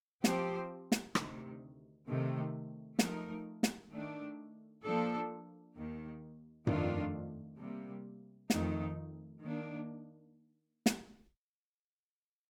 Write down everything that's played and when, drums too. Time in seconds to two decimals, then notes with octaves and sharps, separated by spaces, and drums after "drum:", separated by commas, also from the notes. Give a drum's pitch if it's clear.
0.24 F3 C4 G4 C5, drum: snare
0.92 drum: snare
1.15 D2 C3 D#3, drum: rim click
2.07 C3 D#3 A3
2.99 F3 A3 D#4 A#4, drum: snare
3.63 drum: snare
3.91 D#3 A3 D4
4.82 F3 A#3 D4 A4
5.75 D#2 D#3 A#3
6.67 F2 D#3 A3 D4 F4, drum: tom G2
7.58 C3 G3 A#3
8.50 F2 D#3 A3 D#4, drum: snare
9.42 D#3 A#3 D4
10.86 drum: snare